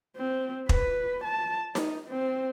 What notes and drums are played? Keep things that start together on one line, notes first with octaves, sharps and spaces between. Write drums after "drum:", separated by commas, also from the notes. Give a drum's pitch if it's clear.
C4
B4, drum: kick
A5
D#4, drum: snare D#4
C4